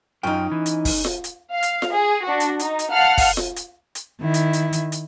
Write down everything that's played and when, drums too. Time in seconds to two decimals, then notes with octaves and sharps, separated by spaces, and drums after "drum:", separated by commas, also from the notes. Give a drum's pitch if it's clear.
0.23 F#2 C#4 D#4 F4 G5
0.52 E3
0.66 drum: hi-hat
0.85 drum: kick, open hi-hat
1.04 drum: snare F4
1.24 drum: hi-hat
1.52 F5
1.63 drum: hi-hat
1.82 drum: snare F4
1.93 G#4
2.24 D4 F#4
2.40 drum: hi-hat
2.59 D#4, drum: hi-hat
2.79 drum: hi-hat
2.91 F5 F#5 A5 F6
3.18 drum: kick, open hi-hat
3.37 drum: snare F4
3.56 drum: hi-hat
3.95 drum: hi-hat
4.21 D#3 E4
4.34 drum: hi-hat
4.53 drum: hi-hat
4.73 drum: hi-hat
4.92 drum: hi-hat